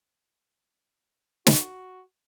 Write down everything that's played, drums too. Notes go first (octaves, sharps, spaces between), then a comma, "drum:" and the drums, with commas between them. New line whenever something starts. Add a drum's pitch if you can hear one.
F#4, drum: snare